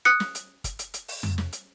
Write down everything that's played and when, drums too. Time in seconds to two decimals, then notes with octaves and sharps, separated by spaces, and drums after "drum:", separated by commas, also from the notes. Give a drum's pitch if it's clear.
0.05 D#6 F#6 C#7
0.20 drum: snare
0.35 drum: hi-hat
0.64 drum: kick, hi-hat
0.79 drum: hi-hat
0.94 drum: hi-hat
1.08 drum: open hi-hat
1.23 drum: tom F2
1.38 drum: snare
1.53 drum: hi-hat